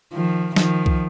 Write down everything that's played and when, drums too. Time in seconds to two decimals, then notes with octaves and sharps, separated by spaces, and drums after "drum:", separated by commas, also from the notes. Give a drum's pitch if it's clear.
0.13 D#3 F3
0.56 D#3 F3, drum: snare
0.86 drum: kick